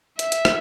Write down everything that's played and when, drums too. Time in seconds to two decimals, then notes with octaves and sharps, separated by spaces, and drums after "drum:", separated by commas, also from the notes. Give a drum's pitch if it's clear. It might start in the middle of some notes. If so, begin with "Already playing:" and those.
0.19 E5, drum: hi-hat
0.32 drum: hi-hat
0.45 drum: rim click